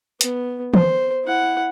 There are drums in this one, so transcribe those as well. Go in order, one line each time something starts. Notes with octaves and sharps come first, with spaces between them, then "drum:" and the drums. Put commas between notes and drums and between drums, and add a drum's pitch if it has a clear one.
B3, drum: hi-hat
C5, drum: tom D#3
E4 F#5